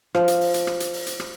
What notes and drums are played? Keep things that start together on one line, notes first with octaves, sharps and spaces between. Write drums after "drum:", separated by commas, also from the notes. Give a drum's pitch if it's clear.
F3, drum: rim click
drum: hi-hat
drum: open hi-hat
drum: hi-hat
drum: rim click
drum: hi-hat
drum: open hi-hat
drum: hi-hat
drum: rim click